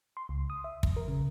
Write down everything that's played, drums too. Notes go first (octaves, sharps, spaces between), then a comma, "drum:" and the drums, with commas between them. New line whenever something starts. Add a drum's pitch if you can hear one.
C6
C#2
D#6
E5
F2, drum: kick
A#4
C#3